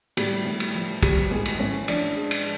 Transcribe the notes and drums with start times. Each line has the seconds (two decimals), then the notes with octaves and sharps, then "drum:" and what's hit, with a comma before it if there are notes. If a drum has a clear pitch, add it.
0.17 A2 G3 G4, drum: cymbal
0.45 A2
0.60 drum: cymbal
0.75 F3
1.03 F3 G3 G4, drum: kick, cymbal
1.31 A2 G#3 G#4
1.45 drum: cymbal
1.59 A2 C#4 C#5
1.88 F3 D4 D5, drum: cymbal
2.16 G#3
2.31 drum: cymbal